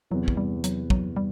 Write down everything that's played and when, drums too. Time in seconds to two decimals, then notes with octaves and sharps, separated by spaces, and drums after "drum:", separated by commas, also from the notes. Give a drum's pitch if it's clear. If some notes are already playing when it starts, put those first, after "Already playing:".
0.10 E2 C3 E3 F#3
0.28 drum: kick
0.37 G3
0.64 F#3, drum: hi-hat
0.90 F#3, drum: kick
1.16 G3